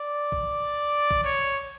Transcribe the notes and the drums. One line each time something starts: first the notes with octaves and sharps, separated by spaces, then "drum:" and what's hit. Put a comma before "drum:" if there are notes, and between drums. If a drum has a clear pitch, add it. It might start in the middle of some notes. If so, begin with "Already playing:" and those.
Already playing: D5
drum: kick
drum: kick
C#5, drum: cymbal